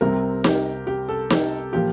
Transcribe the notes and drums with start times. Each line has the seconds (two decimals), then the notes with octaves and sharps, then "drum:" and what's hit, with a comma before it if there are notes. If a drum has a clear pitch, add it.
0.01 C2 C3 G3 C4 A#4
0.44 G4, drum: snare
0.87 G4
1.09 A4
1.30 G4, drum: snare
1.73 A#2 F3 A#3 G4